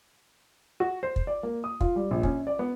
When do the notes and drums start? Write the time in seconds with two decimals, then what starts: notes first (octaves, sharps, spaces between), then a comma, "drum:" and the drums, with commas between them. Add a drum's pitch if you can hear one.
0.80 F#4
1.03 C5
1.16 drum: kick
1.27 D5
1.43 A#3
1.64 D#6
1.81 F4, drum: kick
1.96 G3
2.11 A#1
2.23 C#4, drum: kick
2.47 D5
2.59 B3